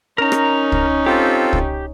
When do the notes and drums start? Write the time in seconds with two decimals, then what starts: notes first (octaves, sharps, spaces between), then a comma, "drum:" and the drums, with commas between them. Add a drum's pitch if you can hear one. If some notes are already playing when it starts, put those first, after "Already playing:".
0.18 C#4 D#4 A#4 A#5
0.32 drum: rim click
0.72 drum: kick
1.06 C4 F4 G4 A4
1.53 drum: kick